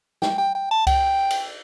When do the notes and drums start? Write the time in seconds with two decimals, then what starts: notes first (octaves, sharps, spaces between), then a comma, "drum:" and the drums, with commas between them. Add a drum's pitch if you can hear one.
0.22 G5, drum: snare
0.38 G5
0.55 G5
0.71 A5
0.87 G5, drum: kick C2, cymbal
1.30 drum: cymbal